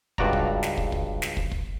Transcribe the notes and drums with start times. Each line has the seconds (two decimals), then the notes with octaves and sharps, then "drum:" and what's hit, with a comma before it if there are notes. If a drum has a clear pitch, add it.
0.18 C#2 G2 F#4 D5 A#5, drum: kick
0.33 drum: kick
0.63 drum: snare
0.77 drum: kick
0.92 drum: kick
1.22 drum: snare
1.37 drum: kick
1.52 drum: kick